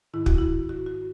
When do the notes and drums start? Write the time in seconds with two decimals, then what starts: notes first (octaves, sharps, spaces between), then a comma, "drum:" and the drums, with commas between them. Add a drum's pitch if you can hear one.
0.14 G#2 D#3 E4
0.26 F#4, drum: kick
0.38 E4
0.69 F#4
0.86 F#4